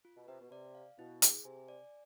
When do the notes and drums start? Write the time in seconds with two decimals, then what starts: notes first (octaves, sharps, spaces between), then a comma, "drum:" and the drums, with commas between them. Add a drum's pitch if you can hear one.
0.05 F4
0.17 B2
0.28 C3 B4
0.40 B2
0.51 C3 D5
0.75 F5
0.98 B2 E4
1.22 G#4, drum: hi-hat
1.45 C3 G#5
1.68 D5